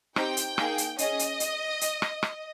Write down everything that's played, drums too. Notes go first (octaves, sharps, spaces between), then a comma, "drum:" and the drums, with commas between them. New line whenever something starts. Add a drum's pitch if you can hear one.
C4 D#4 G4 G5, drum: rim click
drum: hi-hat
A#3 D#4 G#4, drum: rim click
drum: hi-hat
C#4 G#4 D#5, drum: hi-hat
drum: hi-hat
drum: hi-hat
drum: hi-hat
drum: rim click
drum: rim click